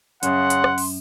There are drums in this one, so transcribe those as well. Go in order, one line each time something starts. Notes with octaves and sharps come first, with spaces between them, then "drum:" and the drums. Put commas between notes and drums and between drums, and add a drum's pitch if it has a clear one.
F#2 C#3 F#5 C6, drum: hi-hat
drum: hi-hat
drum: rim click
drum: open hi-hat